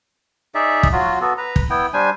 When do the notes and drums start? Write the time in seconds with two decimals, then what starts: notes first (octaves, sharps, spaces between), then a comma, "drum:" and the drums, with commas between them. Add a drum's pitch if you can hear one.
0.55 D#4 G#4 D5 E5
0.83 drum: kick
0.93 F#3 F4 F#4
1.21 B3 F#4 A4
1.38 B4 A#5
1.56 drum: kick
1.70 B3 E4 G5
1.93 G3 D4 C5 G#5